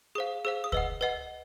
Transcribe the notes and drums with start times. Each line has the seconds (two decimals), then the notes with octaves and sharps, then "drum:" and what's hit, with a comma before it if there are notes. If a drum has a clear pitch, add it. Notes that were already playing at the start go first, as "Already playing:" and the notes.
0.15 G#4 C5 F5 D#6
0.45 G#4 C5 F5 E6
0.64 D#6
0.72 B4 D#5 F#5 E6, drum: kick
1.01 B4 D#5 F#5